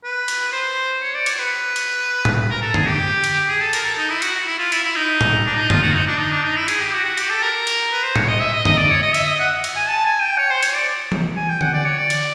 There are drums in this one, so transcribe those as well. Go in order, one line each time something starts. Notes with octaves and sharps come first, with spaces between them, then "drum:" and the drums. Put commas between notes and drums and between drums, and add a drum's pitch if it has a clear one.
B4
drum: cymbal
C5
C#5
D5
C#5, drum: cymbal
B4
drum: cymbal
drum: tom A2
A#4
A4
G#4, drum: tom F#2
G4
drum: cymbal
G#4
A4
A#4, drum: cymbal
A4
D#4
E4
F#4, drum: cymbal
E4
F4
E4, drum: cymbal
E4
D#4
drum: tom A2
D4
D#4
F4, drum: tom F#2
F#4
D#4
D4
D#4
D4
D#4
E4
G#4, drum: cymbal
G4
F#4
F#4
G4, drum: cymbal
A4
A#4
drum: cymbal
B4
C5
C#5, drum: tom A2
D#5
E5
D#5
D#5, drum: tom F#2
D5
C#5
D#5
E5, drum: cymbal
D#5
F#5
drum: cymbal
G#5
A5
G#5
G5
C#5
C5
C#5, drum: cymbal
D5
drum: tom E3
G#5
G5
F#5, drum: tom D3
D5
C#5
D5
drum: cymbal